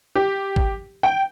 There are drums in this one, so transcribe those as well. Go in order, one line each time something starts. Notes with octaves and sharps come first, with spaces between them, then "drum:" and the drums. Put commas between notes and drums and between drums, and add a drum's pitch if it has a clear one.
G4
drum: kick
G5